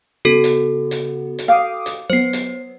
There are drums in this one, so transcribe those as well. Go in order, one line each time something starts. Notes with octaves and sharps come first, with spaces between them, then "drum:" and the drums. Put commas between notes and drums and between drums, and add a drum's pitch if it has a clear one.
C#3 B3 F#4 A4
drum: hi-hat
drum: hi-hat
drum: hi-hat
F5 G5 D6 D#6
drum: hi-hat
F#3 B3 C5 C7
drum: hi-hat